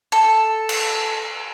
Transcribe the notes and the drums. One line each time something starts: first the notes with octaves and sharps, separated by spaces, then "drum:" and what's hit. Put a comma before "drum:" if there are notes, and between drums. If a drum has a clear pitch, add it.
A4
drum: cymbal